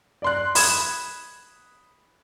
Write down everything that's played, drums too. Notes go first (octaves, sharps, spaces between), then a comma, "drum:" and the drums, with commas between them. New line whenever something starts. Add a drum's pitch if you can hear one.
D5 C6 F#6
B5 D#6 G#6, drum: open hi-hat